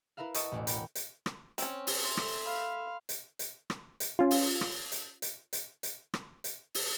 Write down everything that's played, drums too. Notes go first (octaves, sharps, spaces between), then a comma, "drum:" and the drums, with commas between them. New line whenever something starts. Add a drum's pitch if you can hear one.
E4 A#4 B4 E5 F5
D#5 F#5 A5 C#6 D#6 E6, drum: hi-hat
E1 A1 C#4 D5
A#4 F#5 G5 B5, drum: hi-hat
drum: hi-hat
drum: rim click
C4 C#4, drum: hi-hat
drum: open hi-hat
A4 E5 C6
drum: rim click
F5 B5
drum: hi-hat
drum: hi-hat
drum: rim click
drum: hi-hat
C#4 F4
drum: open hi-hat
drum: rim click
drum: hi-hat
drum: hi-hat
drum: hi-hat
drum: hi-hat
drum: rim click
drum: hi-hat
drum: open hi-hat